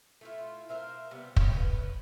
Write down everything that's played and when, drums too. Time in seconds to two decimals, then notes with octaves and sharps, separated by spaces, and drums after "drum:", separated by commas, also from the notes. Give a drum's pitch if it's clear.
0.21 A3 E4 F4
0.69 A#4 C5 E5 F5
1.11 C3 G3 B3
1.36 B3 C#4 F4, drum: kick
1.56 B4